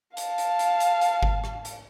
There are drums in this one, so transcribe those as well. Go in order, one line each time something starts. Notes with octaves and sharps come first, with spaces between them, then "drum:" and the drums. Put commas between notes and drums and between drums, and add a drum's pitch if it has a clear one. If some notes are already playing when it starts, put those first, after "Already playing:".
F5 A5, drum: hi-hat
drum: hi-hat
drum: hi-hat
drum: hi-hat
drum: hi-hat
drum: kick G1
drum: rim click
drum: hi-hat